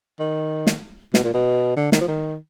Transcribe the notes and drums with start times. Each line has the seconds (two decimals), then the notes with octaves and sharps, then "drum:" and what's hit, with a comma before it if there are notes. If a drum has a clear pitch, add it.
0.19 D#3
0.67 drum: snare
1.14 B2, drum: snare
1.24 A#2
1.34 B2
1.76 D3
1.92 D#3, drum: snare
2.01 F3
2.08 D#3